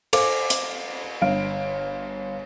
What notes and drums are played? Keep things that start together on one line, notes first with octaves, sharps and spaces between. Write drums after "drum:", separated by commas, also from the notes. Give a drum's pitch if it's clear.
A4 C5 F5 D6, drum: cymbal
drum: hi-hat
G1 F5 D7